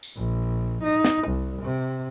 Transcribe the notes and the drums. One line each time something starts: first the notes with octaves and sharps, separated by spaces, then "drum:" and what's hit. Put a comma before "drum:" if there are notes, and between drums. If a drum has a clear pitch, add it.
drum: tambourine
A#1
D#4
drum: snare
C2
C3